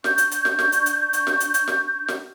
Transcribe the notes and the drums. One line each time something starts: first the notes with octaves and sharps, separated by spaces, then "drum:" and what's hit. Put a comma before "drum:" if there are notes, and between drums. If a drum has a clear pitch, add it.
D4 C#6 G6, drum: snare
drum: hi-hat
drum: hi-hat
drum: snare
drum: snare
drum: hi-hat
drum: hi-hat
drum: hi-hat
drum: snare
drum: hi-hat
drum: hi-hat
drum: snare
drum: snare